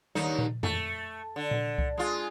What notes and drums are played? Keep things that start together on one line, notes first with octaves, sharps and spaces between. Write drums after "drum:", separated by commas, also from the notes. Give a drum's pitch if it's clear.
D#2 D#4, drum: snare
drum: tom A#2
A3, drum: tom F2
D3
drum: tom A#2
drum: kick C2
G#3 F4